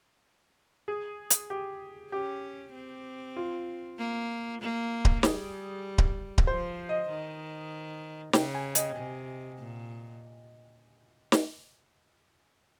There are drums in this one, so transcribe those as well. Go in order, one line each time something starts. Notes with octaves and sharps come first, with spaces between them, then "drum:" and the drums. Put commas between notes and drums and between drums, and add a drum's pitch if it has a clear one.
G#4
drum: hi-hat
G4
C#4 G4
C4
F4
A#3
A#3
drum: kick D1
G3 G#4, drum: snare
drum: kick D1
drum: kick D1
F3 C5
D#5
D#3
C#3 G5, drum: snare
G#5
D#5, drum: hi-hat
C3
A#2
drum: snare